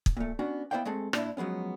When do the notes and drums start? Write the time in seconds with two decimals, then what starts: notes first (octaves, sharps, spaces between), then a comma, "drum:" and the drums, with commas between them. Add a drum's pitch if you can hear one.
0.06 drum: kick
0.17 A#2 A3
0.39 B3 C#4 D4 F#4
0.71 B3 E4 C5 D5 F5 G5
0.85 G#3 A3 C4 G#4 A4
1.13 A#2 D4 E4, drum: rim click
1.37 F3 F#3 G#3 B3 C#4